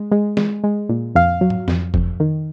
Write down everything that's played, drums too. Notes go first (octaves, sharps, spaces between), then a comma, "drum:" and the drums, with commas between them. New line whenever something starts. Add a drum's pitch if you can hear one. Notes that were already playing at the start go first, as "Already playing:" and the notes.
Already playing: G#3
G#3
G#3, drum: snare
G#3
A#2
F2 F5
F#3
drum: tom
F2, drum: snare
F2, drum: kick F#1
D#3